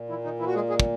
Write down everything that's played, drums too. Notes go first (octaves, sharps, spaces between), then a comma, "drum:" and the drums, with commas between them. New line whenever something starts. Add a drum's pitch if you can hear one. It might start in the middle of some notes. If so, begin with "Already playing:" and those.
Already playing: A#2
E3 E4
D#3 D#4
E3 E4
F#4
G#3 G#4
G#3 G#4
drum: kick